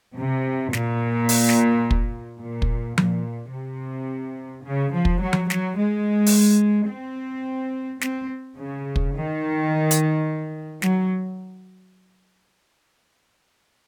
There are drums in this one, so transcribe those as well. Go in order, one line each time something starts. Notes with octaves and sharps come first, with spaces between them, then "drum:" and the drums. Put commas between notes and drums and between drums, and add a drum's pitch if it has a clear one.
C3
A#2, drum: snare
drum: open hi-hat
drum: snare
drum: kick
A#2
drum: kick
A#2, drum: tom F3
C3
C#3
F3
drum: kick
F#3
drum: tom F3
F#3, drum: snare
G#3
drum: open hi-hat
C4
C4, drum: snare
C#3
drum: kick
D#3
drum: hi-hat
F#3, drum: snare